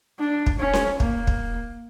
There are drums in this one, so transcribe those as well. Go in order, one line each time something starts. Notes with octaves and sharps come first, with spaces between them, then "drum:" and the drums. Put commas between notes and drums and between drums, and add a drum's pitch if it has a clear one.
D4
drum: kick
C#4
drum: snare C#4
A#3, drum: kick
drum: kick